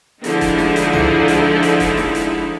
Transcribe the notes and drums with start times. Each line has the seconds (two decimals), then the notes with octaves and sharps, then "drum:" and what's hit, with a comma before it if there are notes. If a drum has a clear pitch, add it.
0.24 D3 F3 G#3 D#4 E4, drum: hi-hat
0.41 drum: kick, hi-hat
0.59 drum: snare
0.76 drum: hi-hat
0.93 drum: tom
1.28 drum: hi-hat
1.63 drum: hi-hat
1.80 drum: kick, hi-hat
1.97 drum: snare
2.15 drum: hi-hat